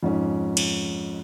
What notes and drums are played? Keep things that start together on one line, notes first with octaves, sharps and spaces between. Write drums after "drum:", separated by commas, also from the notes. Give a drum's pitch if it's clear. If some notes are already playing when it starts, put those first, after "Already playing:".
F2 G#2 C#4
drum: cymbal